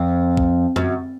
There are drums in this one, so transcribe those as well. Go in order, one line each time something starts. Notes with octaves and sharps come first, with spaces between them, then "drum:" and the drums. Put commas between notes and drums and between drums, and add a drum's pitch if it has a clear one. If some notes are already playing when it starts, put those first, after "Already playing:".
Already playing: F2
drum: kick B1
F#2, drum: tom F2